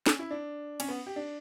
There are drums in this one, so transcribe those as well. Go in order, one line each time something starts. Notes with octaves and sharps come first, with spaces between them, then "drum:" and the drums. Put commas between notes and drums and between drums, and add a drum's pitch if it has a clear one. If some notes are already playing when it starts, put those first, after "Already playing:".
C#4, drum: snare
E4
D4
C#4, drum: cymbal
B3
G4
D4